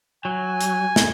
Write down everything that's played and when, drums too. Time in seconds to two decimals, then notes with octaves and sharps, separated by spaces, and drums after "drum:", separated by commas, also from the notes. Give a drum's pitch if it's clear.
0.25 F#3 G#5
0.61 drum: hi-hat
0.96 drum: snare